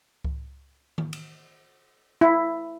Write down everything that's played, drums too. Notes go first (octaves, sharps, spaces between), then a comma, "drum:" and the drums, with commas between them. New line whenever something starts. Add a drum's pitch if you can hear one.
drum: kick C#2
drum: tom D#3
drum: cymbal
E4